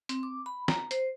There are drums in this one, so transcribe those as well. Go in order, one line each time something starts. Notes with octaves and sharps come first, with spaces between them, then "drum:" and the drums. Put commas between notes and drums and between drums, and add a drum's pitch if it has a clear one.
C4, drum: hi-hat
D6
B5
A#5, drum: snare
C5, drum: hi-hat